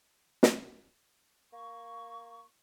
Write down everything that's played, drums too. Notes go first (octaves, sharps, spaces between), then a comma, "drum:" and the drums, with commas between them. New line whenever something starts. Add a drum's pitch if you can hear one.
drum: snare
A#3 C#6